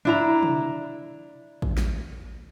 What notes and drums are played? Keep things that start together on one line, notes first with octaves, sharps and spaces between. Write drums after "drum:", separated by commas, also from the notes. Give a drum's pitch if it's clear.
D4 E4 A#5, drum: tom
drum: tom
drum: kick A1
drum: snare